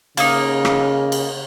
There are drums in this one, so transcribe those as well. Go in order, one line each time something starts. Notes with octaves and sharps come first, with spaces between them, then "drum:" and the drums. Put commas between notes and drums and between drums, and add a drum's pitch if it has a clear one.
C#3 A#3 D#4, drum: cymbal
drum: rim click
drum: cymbal